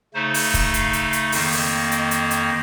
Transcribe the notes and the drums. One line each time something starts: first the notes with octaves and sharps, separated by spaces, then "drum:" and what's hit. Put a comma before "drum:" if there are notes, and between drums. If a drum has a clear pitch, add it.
C#3 A3 D#4 C5
drum: open hi-hat
drum: kick, hi-hat
F5, drum: hi-hat
drum: hi-hat
drum: hi-hat
F2 D#3 A#3, drum: open hi-hat
drum: open hi-hat
D#5, drum: hi-hat
drum: hi-hat
drum: hi-hat